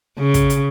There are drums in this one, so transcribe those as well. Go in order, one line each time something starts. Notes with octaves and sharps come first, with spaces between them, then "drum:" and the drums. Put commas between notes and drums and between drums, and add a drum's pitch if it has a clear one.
C#3
drum: kick, hi-hat
drum: hi-hat